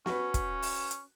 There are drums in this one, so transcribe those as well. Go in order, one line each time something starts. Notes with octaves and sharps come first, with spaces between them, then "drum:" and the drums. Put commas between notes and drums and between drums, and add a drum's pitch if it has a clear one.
C#4 F#4 B4, drum: snare
drum: kick, hi-hat
drum: open hi-hat
drum: hi-hat